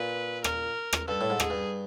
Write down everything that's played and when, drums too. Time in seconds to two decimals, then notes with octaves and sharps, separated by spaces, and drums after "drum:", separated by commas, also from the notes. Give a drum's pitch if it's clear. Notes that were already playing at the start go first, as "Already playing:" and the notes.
Already playing: A#2 B4
0.44 A#4, drum: rim click
0.93 drum: rim click
1.08 G2 A4
1.21 A2
1.30 G#2
1.40 G#4, drum: rim click
1.50 G2